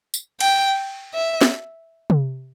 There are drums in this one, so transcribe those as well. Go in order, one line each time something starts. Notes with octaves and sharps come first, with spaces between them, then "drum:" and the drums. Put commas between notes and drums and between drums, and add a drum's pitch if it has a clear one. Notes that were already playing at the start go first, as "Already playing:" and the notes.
drum: tambourine
G5, drum: cymbal
E5
drum: snare
drum: tom